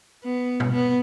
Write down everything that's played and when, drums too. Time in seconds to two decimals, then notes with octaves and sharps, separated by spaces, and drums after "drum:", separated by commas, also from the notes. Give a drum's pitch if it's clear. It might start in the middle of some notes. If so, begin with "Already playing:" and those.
0.24 B3
0.60 drum: tom B2
0.72 B3